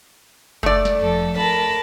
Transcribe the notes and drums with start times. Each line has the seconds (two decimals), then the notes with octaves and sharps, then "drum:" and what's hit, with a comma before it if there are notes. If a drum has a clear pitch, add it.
0.63 A3 D5, drum: kick F#1
0.85 drum: snare
1.00 F2 A4
1.37 A#4 A5 B5